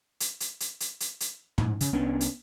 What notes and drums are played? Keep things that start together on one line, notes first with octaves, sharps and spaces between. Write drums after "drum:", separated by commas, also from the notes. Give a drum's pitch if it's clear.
drum: hi-hat
drum: hi-hat
drum: hi-hat
drum: hi-hat
drum: hi-hat
drum: hi-hat
G#2, drum: tom
C#3, drum: hi-hat
C2 B3 C#4 D4
drum: hi-hat